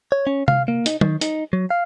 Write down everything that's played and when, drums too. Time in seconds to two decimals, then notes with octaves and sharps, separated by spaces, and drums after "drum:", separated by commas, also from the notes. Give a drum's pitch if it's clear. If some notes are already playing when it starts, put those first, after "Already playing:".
0.12 C#5
0.27 C#4
0.48 F5, drum: tom C3
0.68 A#3
0.86 D#4, drum: hi-hat
1.01 D#3, drum: tom
1.21 D#4, drum: hi-hat
1.53 F#3
1.70 F5